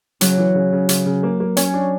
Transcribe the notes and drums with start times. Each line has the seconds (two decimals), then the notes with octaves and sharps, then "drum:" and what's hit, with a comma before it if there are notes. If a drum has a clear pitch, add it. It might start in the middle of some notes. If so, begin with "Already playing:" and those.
0.21 C#3 F#3, drum: hi-hat
0.38 E3
0.55 C#3
0.73 C#3
0.89 C#3, drum: hi-hat
1.06 C#3
1.23 A#3
1.40 A#3
1.57 C#4 C#5, drum: hi-hat
1.74 D4